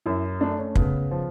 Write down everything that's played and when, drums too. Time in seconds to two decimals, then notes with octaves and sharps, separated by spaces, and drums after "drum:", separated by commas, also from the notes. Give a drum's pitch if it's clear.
0.06 F#2 E4
0.40 A3 D4
0.58 C#4
0.75 C#3 B3, drum: kick
1.11 F3